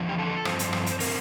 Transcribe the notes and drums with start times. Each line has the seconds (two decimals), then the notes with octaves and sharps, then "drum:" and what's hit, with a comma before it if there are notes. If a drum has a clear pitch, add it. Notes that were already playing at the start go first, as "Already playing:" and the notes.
Already playing: E2 D3 F3
0.09 G4
0.19 A4
0.45 G2 F3 C4 C5, drum: rim click
0.59 drum: hi-hat
0.73 drum: rim click
0.86 drum: hi-hat
1.00 D3 A3 C4 A#4, drum: open hi-hat